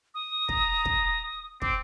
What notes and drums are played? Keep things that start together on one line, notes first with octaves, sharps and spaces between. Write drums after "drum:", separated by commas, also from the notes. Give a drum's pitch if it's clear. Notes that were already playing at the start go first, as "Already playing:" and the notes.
D#6
A#5, drum: kick
drum: kick
C4 D6, drum: kick